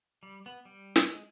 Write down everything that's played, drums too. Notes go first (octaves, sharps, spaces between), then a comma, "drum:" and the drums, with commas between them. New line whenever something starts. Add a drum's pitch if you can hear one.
G3
B3
G3
drum: snare
G#3